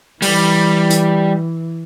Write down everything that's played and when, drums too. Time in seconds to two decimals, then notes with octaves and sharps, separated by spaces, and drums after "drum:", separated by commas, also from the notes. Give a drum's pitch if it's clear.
0.22 E3 G3, drum: open hi-hat
0.90 drum: hi-hat